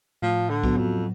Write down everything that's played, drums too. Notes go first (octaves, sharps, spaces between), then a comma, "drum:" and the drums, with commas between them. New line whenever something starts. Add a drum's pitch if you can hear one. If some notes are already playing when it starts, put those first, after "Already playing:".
A2 F3
D3
F#3 B3 F#4, drum: kick
F2